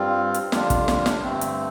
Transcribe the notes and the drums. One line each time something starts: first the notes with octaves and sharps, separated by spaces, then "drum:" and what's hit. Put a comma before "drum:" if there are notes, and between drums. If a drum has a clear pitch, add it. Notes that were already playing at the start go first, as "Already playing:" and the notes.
Already playing: G2 G3 C4 F4
drum: hi-hat
F2 D3 G3 D4 F4, drum: snare
drum: kick, hi-hat
drum: snare
drum: snare
G2 D3 A3 C4
drum: hi-hat